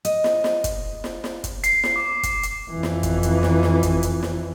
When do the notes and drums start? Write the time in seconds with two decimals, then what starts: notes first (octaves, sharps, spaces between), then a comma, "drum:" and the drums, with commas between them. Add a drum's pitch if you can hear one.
0.05 D#5, drum: hi-hat
0.24 drum: snare
0.44 drum: snare
0.64 drum: kick, hi-hat
1.04 drum: snare
1.24 drum: snare
1.44 drum: kick, hi-hat
1.64 C7, drum: hi-hat
1.84 drum: snare
1.96 D6
2.23 drum: kick, hi-hat
2.43 drum: hi-hat
2.71 F2 E3
2.83 drum: snare
3.03 drum: kick, hi-hat
3.23 drum: hi-hat
3.43 drum: snare
3.63 drum: snare
3.83 drum: kick, hi-hat
4.03 drum: hi-hat
4.23 drum: snare